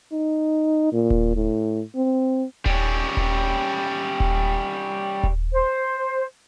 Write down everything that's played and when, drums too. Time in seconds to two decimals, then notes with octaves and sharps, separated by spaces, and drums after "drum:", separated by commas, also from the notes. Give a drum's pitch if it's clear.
0.12 D#4
0.93 A#2
1.10 drum: kick D#1
1.36 A2
1.95 C4
2.66 G3 C#4, drum: kick D#1
3.17 drum: kick D#1
4.20 drum: kick D#1
5.23 drum: kick D#1
5.52 C5